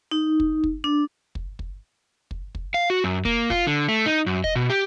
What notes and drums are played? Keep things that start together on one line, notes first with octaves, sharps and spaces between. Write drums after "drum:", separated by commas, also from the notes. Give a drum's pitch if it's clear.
D#4
drum: kick
drum: kick
D4
drum: kick
drum: kick
drum: kick
drum: kick
F5
F#4
F#2
A#3, drum: kick
F4, drum: kick
D3
A3
D#4
F#2
D#5, drum: kick
B2
G4